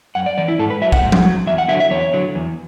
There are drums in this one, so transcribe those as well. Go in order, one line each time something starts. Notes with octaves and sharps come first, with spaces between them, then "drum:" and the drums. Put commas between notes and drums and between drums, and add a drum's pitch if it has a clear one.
F#2 F#5
D5
E3 D5
E4
G#2 A4
B4
F#3 E5
F#5, drum: kick
G#2
drum: tom F3
F#3
E2 E5
F#5
D3 F#3 E5
E5
E2 C#5
D3 F#3
E2